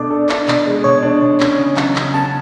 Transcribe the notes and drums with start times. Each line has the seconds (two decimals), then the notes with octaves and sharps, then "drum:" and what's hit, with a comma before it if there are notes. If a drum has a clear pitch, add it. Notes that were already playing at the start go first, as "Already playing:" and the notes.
Already playing: B2 A3 D4 D5
0.10 A4
0.29 D4, drum: clap
0.48 B2, drum: clap
0.66 G#3
0.84 B2 C#5
1.03 D4
1.22 B2
1.40 C#4, drum: clap
1.58 C#3
1.77 F#3, drum: clap
1.96 C#3, drum: clap
2.14 C#4 A5